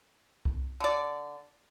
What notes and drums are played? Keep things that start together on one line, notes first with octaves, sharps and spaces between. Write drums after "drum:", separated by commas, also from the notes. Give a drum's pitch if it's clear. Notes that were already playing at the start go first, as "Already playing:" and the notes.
drum: kick C2
D3 D5